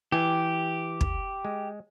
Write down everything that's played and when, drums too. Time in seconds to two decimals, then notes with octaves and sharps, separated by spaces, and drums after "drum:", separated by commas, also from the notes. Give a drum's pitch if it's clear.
0.12 E3 G4 G#5
1.01 drum: kick
1.45 G#3